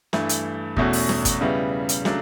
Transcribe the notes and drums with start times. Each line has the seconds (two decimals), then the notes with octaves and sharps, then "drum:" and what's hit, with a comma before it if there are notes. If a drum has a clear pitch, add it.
0.13 G2 E3 A3, drum: snare
0.29 drum: hi-hat
0.77 E2 B2 A3 C#4 F#4, drum: kick G1
0.93 drum: open hi-hat
1.09 drum: snare
1.25 drum: kick G1, hi-hat
1.41 C#3 G3 B3 E4
1.89 drum: hi-hat
2.05 C#3 F#3 A3 D4, drum: snare